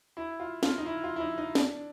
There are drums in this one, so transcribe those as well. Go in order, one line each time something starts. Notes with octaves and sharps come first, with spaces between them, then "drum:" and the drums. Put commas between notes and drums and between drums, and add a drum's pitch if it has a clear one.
E4
F4
F4, drum: snare
D#4
E4
F4
E4
D#4
D#4
D4, drum: snare